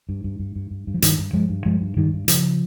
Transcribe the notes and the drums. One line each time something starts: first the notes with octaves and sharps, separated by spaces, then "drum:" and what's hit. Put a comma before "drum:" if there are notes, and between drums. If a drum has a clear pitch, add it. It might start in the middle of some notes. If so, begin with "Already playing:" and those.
G2
G2
G2
G2
G2
G2
F3
G2 D#3 G3, drum: hi-hat
G2
G2 F3 G#3
G2
G2 F3 G#3
G2
G2 D#3 G3
G2
C#3 F3, drum: hi-hat